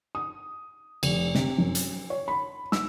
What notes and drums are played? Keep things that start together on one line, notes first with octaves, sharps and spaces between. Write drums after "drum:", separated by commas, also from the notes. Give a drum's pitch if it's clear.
D#6
F1, drum: cymbal
C3, drum: snare
F#2
drum: hi-hat
C#5
B5
E6, drum: snare